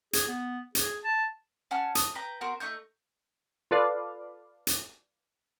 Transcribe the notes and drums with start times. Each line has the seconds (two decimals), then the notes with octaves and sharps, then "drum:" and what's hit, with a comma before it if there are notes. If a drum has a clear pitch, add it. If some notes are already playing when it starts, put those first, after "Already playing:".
0.13 G#4, drum: hi-hat
0.28 B3
0.75 G#4, drum: hi-hat
1.04 A5
1.71 C#4 F#5 A5 F6
1.95 D#6, drum: hi-hat
2.15 B4 G5 A#5
2.41 B3 F#4 A#4 C5
2.60 A3 D#4 C#6 G6
3.71 F4 A4 B4 D5 F5
4.67 drum: hi-hat